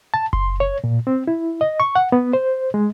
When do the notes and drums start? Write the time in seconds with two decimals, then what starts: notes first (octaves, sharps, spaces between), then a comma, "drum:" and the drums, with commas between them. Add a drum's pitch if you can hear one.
0.14 A5
0.33 C6, drum: kick F#1
0.60 C#5
0.84 A#2
1.07 C4
1.27 E4
1.61 D#5
1.80 C#6
1.95 F#5
2.12 B3
2.33 C5
2.74 G#3